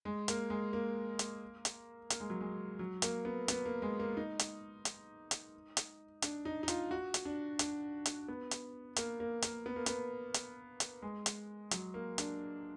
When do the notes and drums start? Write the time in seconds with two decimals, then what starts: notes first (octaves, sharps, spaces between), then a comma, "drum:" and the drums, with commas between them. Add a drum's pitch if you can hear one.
0.05 G#3
0.28 A#3, drum: hi-hat
0.50 G#3
0.73 A#3
1.19 drum: hi-hat
1.65 drum: hi-hat
2.10 A#3, drum: hi-hat
2.20 G#3
2.30 F#3
2.41 G#3
2.79 F#3
3.02 A#3, drum: hi-hat
3.25 B3
3.48 B3, drum: hi-hat
3.65 A#3
3.82 G#3
3.99 A#3
4.17 D#4
4.39 drum: hi-hat
4.85 drum: hi-hat
5.31 drum: hi-hat
5.77 drum: hi-hat
6.22 D4, drum: hi-hat
6.45 D#4
6.63 D#4
6.68 F4, drum: hi-hat
6.91 F#4
7.14 drum: hi-hat
7.25 D4
7.59 D4, drum: hi-hat
8.06 drum: hi-hat
8.28 B3
8.51 drum: hi-hat
8.96 A#3, drum: hi-hat
9.20 A#3
9.42 A#3, drum: hi-hat
9.66 B3
9.76 A#3
9.86 B3, drum: hi-hat
10.34 drum: hi-hat
10.80 drum: hi-hat
11.02 G#3
11.26 drum: hi-hat
11.71 F#3, drum: hi-hat
11.94 A#3
12.18 D4, drum: hi-hat